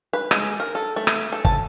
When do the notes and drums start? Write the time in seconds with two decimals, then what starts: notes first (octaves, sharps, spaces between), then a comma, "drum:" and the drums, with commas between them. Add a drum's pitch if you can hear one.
0.13 B4
0.31 G#3, drum: rim click
0.60 A#4
0.75 A4
0.96 A3
1.07 drum: rim click
1.32 A4
1.45 A5, drum: kick